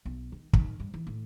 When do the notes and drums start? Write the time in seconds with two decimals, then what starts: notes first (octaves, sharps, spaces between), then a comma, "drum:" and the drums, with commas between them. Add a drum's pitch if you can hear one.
0.05 B1
0.32 D#3
0.53 D#3, drum: kick
0.80 G2
0.94 E3
1.07 A2